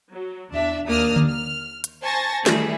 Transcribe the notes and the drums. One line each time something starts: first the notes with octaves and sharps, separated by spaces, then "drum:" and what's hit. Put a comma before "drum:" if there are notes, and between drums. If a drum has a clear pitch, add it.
F#3
E2 D4 E5
D#2 A#3 D4 D#6 F6
drum: tom D3
F6
drum: hi-hat
C5 G#5 A5 C#6 A6 A#6
D#3 E3 G3 A3 E4 G#4, drum: snare